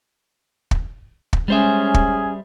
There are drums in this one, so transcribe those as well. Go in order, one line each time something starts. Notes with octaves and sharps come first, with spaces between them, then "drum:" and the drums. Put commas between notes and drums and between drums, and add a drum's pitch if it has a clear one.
drum: kick
drum: kick
G3 G#3 C#4 G#4 C5 E5
drum: kick